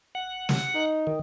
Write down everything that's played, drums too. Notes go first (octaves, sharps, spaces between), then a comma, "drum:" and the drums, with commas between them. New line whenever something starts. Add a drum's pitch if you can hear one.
F#5
drum: snare
D#4
D#3